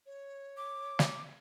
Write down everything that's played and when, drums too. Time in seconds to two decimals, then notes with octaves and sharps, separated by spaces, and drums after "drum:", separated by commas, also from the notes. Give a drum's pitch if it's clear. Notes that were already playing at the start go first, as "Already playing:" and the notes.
0.06 C#5
0.57 D6
0.99 drum: snare